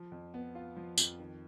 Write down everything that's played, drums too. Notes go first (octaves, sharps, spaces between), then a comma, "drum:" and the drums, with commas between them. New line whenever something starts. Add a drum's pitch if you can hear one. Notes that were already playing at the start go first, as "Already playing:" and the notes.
Already playing: F3
F2
B3
F4
F3
F2, drum: tambourine
D#3